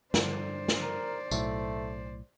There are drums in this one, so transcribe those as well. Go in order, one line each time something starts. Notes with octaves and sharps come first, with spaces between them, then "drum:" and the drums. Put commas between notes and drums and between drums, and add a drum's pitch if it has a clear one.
G2 D3 C5 D5, drum: snare
drum: snare
A#4
B1 A2 A3, drum: tambourine